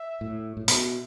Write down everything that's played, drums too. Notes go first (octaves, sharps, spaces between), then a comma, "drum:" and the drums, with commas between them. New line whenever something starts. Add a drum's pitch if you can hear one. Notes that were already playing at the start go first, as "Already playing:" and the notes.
Already playing: E5
A2
A2
B2 E5, drum: hi-hat